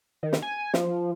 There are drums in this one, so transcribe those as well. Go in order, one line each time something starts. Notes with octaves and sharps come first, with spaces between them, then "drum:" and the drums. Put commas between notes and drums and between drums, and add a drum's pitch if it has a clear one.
D#3
drum: snare
G#5
F3, drum: snare